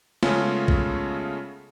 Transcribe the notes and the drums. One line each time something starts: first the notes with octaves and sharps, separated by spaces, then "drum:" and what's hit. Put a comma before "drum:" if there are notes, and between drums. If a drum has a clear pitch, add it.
C#3 G#3 A3 B3 C#4 F4, drum: snare
drum: kick A#1